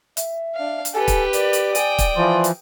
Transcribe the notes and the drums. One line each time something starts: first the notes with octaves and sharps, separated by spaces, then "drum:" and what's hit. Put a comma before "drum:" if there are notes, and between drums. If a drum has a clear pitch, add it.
E5, drum: hi-hat
D4 F5
drum: hi-hat
G4 A4 B4 G#5
drum: kick, hi-hat
A#4 D5, drum: hi-hat
drum: hi-hat
G5 G#5 D#6, drum: hi-hat
drum: kick, hi-hat
E3 F3 C6
drum: hi-hat